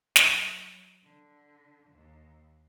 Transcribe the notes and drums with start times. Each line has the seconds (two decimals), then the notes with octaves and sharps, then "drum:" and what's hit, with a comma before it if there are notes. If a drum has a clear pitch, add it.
0.16 F#3, drum: snare
1.03 D3
1.90 D#2